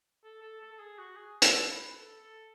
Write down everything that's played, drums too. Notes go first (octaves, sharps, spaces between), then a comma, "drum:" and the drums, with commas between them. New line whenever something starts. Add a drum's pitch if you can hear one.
A4
A4
A4
A4
G#4
F#4
G#4
drum: hi-hat
A4
B4
A4
A4